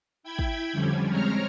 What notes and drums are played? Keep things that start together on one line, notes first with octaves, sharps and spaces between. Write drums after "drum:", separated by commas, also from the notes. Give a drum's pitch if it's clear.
E4 G5 B5 G#6
drum: kick
F2 D3 F3 G3 C#4
G#3 C4 C#5 A#5 F6